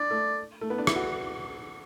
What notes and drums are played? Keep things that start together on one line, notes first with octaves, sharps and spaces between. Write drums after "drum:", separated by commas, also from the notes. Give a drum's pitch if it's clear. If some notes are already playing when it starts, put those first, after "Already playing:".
Already playing: D4 D5
A3
A3
B3
D4
E4, drum: rim click
F#4